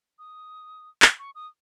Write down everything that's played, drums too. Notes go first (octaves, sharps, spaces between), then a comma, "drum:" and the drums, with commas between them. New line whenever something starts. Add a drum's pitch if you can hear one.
D#6
drum: clap
C#6
D#6